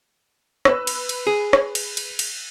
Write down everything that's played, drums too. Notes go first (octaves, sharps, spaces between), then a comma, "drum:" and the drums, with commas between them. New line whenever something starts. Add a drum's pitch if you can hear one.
B4 E6, drum: rim click
drum: cymbal
drum: cymbal
G#4
drum: rim click
drum: cymbal
drum: cymbal
drum: cymbal